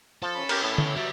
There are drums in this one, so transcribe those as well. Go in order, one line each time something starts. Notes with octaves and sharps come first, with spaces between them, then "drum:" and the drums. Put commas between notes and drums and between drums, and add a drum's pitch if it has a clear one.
F3 A4 A5
C#4 B5
G4 A#4, drum: cymbal
A2
drum: tom D3
F#3 G3 E5